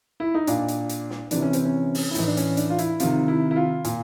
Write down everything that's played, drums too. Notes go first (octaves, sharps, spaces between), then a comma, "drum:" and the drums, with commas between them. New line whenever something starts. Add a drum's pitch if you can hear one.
E4
D#4
A#2 D4, drum: hi-hat
drum: hi-hat
drum: hi-hat
drum: snare
C3 E3 D4, drum: hi-hat
C#4
C4, drum: hi-hat
C#4
drum: open hi-hat
E4
A2 E3 D#4, drum: hi-hat
D4
C#4, drum: hi-hat
D4, drum: hi-hat
F4
E4, drum: hi-hat
C3 D#3 F4, drum: hi-hat
E4
E4
F4
A#2, drum: hi-hat